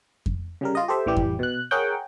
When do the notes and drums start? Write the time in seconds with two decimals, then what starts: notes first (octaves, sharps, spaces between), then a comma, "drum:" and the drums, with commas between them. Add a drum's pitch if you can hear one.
0.26 drum: kick F2
0.61 C#3 G3 A#4
0.75 F4 D#5
0.88 G4 A4 C5 E5
1.06 A1 E3 G3 G4
1.17 drum: kick F2
1.39 B2 F#6
1.71 G#4 A#4 C#5 F#5 G5